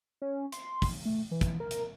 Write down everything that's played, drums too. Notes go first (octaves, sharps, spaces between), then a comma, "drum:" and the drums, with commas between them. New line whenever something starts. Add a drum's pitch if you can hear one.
C#4
C6, drum: hi-hat
drum: kick, open hi-hat
A3
E3
drum: kick, hi-hat
A#4
drum: hi-hat